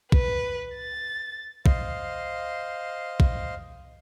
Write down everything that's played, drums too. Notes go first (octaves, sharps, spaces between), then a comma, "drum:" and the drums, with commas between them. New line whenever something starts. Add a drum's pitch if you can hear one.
B4, drum: kick
A6
C5 D#5 F5, drum: kick
drum: kick